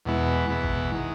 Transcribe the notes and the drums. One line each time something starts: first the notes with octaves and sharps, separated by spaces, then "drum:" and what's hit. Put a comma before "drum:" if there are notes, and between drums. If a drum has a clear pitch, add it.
E2 B2 G#3 B3 E4
E2 B2 G#3 B3 E4
drum: kick
D#3 G#3